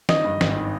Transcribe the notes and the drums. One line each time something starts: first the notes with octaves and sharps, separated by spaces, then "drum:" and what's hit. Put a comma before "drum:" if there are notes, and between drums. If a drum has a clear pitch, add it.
D#3 D#5, drum: snare
G2
G#1, drum: snare
D#3